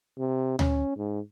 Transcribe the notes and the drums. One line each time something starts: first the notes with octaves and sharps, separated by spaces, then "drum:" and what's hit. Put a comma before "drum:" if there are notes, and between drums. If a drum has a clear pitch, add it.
C3
C#4, drum: tom D2
G#2